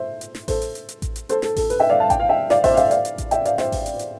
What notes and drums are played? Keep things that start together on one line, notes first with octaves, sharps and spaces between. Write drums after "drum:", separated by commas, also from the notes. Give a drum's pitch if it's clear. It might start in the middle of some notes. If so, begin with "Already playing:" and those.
Already playing: C5 E5
drum: hi-hat
drum: snare
A4 C5, drum: kick A1, open hi-hat
drum: hi-hat
drum: hi-hat
drum: hi-hat
drum: kick A1, hi-hat
drum: hi-hat
A4 C5, drum: hi-hat
A4, drum: snare
A4, drum: kick A1, open hi-hat
B4, drum: hi-hat
E5 G5
D5 F5
F5 A5
G5, drum: kick A1, hi-hat
F5
E5 G5
D5 F5, drum: snare
C5 E5, drum: kick A1, open hi-hat
F5
C5 E5, drum: hi-hat
D5 F5, drum: hi-hat
drum: hi-hat
drum: kick A1, hi-hat
E5 G5, drum: hi-hat
D5 F5, drum: hi-hat
C5 E5, drum: snare
drum: kick A1, open hi-hat
drum: hi-hat
drum: hi-hat